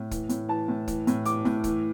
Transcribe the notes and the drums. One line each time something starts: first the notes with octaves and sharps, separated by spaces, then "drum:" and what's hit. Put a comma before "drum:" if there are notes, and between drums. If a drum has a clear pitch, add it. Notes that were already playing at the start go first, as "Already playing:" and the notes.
Already playing: A2
E3, drum: kick, hi-hat
A2, drum: hi-hat
E3 A5
A2
E3, drum: kick, hi-hat
A2, drum: hi-hat
E3 D6, drum: hi-hat
A2, drum: snare
E3, drum: kick, hi-hat